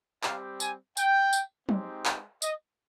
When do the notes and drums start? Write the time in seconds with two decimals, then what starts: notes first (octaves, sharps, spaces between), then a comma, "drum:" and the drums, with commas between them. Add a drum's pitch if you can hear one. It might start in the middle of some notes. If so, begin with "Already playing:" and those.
0.23 G3 C4 G4 F5, drum: clap
0.60 G#5, drum: tambourine
0.97 G5, drum: tambourine
1.33 drum: tambourine
1.69 G#3 C4 D#4 G4, drum: tom
2.05 drum: clap
2.42 D#5, drum: tambourine